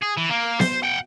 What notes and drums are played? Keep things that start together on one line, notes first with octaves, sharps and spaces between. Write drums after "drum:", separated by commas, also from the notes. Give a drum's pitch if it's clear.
G#4
E3
A#3
C5, drum: snare B3
F#5 G5